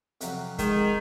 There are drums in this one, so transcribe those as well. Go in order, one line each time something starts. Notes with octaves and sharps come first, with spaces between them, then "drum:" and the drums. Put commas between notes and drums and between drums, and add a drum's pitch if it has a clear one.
F2 C3 F#3, drum: hi-hat
D#3 G#3, drum: kick, hi-hat